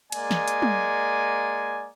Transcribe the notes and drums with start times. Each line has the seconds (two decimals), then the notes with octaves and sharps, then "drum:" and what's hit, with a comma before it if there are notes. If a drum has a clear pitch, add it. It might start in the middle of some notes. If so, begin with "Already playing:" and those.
0.12 G#3 A#3 D5 G#5, drum: cymbal
0.31 drum: snare
0.48 drum: hi-hat
0.62 drum: tom